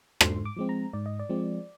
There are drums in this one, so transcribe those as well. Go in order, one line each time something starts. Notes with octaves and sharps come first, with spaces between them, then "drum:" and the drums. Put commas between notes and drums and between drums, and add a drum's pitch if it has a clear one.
G#2 C6, drum: rim click
D6
F3 G#3 C4
A#5
G#2 D5
D#5
D5
F3 G#3 C4